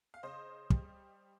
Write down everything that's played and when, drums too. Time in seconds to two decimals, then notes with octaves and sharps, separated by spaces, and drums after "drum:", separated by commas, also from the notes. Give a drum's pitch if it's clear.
0.14 F5
0.23 C#3 C5 D#5
0.70 G3, drum: kick